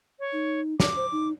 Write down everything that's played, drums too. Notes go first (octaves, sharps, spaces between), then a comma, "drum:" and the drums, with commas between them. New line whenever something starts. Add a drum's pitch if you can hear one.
C#5
D#4
D6, drum: snare
C5
D#4